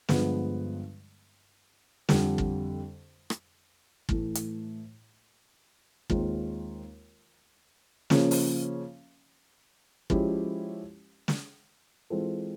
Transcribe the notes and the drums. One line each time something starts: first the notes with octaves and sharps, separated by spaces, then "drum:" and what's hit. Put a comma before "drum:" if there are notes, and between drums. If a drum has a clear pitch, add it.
G2 D3 F3 G#3 B3, drum: snare
F2 D3 G3, drum: snare
drum: kick
drum: rim click
A2 E3 A3, drum: kick
drum: hi-hat
D#2 D#3 G#3 C4 F4, drum: kick
C#3 F3 A#3 C#4, drum: snare
drum: open hi-hat
F3 G#3 C#4 E4 G4, drum: kick
drum: snare
E3 G#3 C4 F4 A4